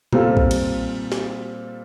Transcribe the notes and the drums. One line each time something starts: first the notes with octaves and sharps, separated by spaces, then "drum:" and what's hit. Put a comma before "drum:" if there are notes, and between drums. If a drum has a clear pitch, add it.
A#2 G3 C4 F4 A4, drum: tom B2
drum: kick
drum: cymbal
drum: snare